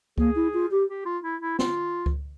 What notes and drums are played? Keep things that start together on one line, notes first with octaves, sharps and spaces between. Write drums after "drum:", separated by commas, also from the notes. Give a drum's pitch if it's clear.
A#3 G#4, drum: kick C#2
E4
F4
G4
G4
F4
E4
E4
F4, drum: snare
drum: kick C#2